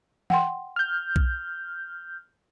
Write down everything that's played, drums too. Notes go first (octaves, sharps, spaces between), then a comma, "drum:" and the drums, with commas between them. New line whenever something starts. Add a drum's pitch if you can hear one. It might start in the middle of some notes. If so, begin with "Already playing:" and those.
F#5 G5 C6, drum: tom E3
F6 G6
drum: kick B1